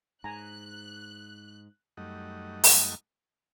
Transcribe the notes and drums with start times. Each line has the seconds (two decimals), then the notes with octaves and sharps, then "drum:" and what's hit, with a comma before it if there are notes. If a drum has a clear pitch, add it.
0.24 G#2 G#5 A#5 F#6
1.97 F#2 G3 A3 D#4 D#5 F#5
2.64 drum: open hi-hat